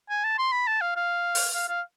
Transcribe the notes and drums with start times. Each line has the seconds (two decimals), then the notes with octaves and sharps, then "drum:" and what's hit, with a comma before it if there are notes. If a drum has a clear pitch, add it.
0.09 G#5
0.24 A5
0.38 C6
0.52 B5
0.67 A5
0.81 F5
0.96 F5
1.35 drum: open hi-hat
1.54 F5
1.68 F5